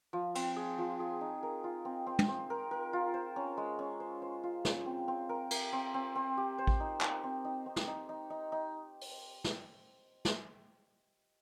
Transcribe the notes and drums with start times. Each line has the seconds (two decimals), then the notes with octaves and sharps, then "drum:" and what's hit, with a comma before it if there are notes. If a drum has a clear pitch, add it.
0.13 F3
0.35 C4, drum: cymbal
0.56 G#4
0.78 F3
1.00 G#4
1.21 D#4
1.43 A#4
1.64 F4
1.85 C4
2.07 C4
2.19 drum: tom
2.28 C4
2.50 A#4
2.71 A#4
2.93 F4
3.14 C5
3.36 C#4
3.57 G#3
3.79 C#4
4.00 C5
4.22 C5
4.43 F4
4.65 C#4, drum: snare
4.86 C4
5.08 C4
5.29 A#4
5.51 A#4, drum: cymbal
5.73 C4
5.94 C4
6.16 C4
6.37 G4
6.58 C5
6.67 drum: kick A1
6.80 D#4
7.01 D#4, drum: clap
7.23 C4
7.45 D#4
7.66 C4
7.76 drum: snare
7.87 D#4
8.09 D#4
8.30 D#4
8.52 D#4
9.01 drum: open hi-hat
9.44 drum: snare
10.25 drum: snare